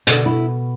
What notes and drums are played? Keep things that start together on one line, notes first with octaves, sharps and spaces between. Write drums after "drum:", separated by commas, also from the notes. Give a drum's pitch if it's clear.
B2 D3, drum: hi-hat
E4